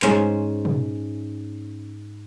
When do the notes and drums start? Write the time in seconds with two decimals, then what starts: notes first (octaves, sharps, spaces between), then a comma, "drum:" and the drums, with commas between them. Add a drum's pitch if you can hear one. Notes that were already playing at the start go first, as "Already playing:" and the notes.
0.02 G#2 C#4 C5, drum: clap
0.65 drum: tom